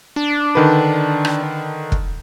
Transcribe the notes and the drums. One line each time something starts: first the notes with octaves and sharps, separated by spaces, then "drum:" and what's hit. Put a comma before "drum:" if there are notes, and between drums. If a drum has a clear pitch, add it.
D4
D3 D#3 B4
drum: rim click
drum: kick